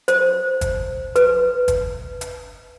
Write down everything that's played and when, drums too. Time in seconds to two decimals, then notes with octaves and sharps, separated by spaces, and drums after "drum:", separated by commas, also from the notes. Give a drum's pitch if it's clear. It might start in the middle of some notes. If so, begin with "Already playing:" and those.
0.08 C5, drum: hi-hat
0.61 drum: kick, hi-hat
1.16 B4, drum: hi-hat
1.68 drum: kick, hi-hat
2.21 drum: hi-hat